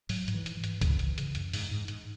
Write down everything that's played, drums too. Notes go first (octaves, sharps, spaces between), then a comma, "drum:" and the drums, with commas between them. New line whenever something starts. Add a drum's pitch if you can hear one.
G#2 F#3, drum: open hi-hat
G#2, drum: hi-hat
E3
G#2, drum: hi-hat
E3
G#2, drum: hi-hat
C#3 E3, drum: kick C#2, hi-hat
C#3, drum: hi-hat
C#3, drum: hi-hat
F#2, drum: hi-hat
G#2, drum: open hi-hat
G#2
G#2, drum: hi-hat